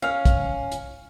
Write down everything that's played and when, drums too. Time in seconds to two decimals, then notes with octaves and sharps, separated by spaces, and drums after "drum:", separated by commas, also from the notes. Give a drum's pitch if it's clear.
0.02 C#4 F5 F6
0.25 drum: kick, hi-hat
0.72 drum: hi-hat